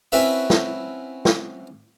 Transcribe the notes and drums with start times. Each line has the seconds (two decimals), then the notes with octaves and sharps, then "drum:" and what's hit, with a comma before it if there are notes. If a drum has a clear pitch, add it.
0.12 C4 C#4 E4 F#4 B4 E5
0.50 drum: snare
1.25 drum: snare